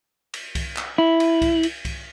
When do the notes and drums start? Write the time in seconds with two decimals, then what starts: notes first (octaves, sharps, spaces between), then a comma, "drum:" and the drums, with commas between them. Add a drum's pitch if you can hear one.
0.34 drum: cymbal
0.55 drum: kick C2, cymbal
0.77 drum: clap
0.98 E4
1.20 drum: cymbal
1.42 drum: kick C2, cymbal
1.63 drum: cymbal
1.85 drum: kick C2, cymbal